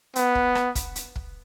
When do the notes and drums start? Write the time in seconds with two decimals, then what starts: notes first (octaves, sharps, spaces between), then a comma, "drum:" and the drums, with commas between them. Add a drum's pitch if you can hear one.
0.16 B3, drum: hi-hat
0.35 drum: kick
0.55 drum: rim click
0.75 drum: kick, hi-hat
0.96 drum: hi-hat
1.16 drum: kick